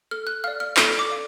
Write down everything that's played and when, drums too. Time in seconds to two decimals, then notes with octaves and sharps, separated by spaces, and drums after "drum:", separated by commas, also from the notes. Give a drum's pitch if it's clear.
0.11 A4 F6
0.27 F#6
0.44 D5 F5 F6
0.60 F6
0.77 A4 F6, drum: clap
0.99 D6
1.10 D5 F5